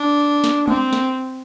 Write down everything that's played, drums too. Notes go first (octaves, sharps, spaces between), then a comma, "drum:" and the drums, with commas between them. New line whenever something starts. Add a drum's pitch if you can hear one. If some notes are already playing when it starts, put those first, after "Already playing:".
Already playing: D4
drum: snare
C4, drum: tom G#3
drum: snare